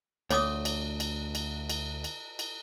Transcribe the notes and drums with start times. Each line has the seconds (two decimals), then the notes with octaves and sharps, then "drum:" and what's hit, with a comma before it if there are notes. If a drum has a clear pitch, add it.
0.31 D2 C#5 D6 D#6, drum: cymbal
0.65 drum: cymbal
1.00 drum: cymbal
1.35 drum: cymbal
1.69 drum: cymbal
2.04 drum: cymbal
2.39 drum: cymbal